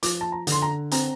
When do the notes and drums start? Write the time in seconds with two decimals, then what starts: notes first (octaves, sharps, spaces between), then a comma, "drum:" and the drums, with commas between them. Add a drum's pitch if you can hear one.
0.03 F3 D6, drum: hi-hat
0.21 A5
0.32 A#5
0.47 D3, drum: hi-hat
0.52 C6
0.62 A#5
0.91 C4 A#5, drum: hi-hat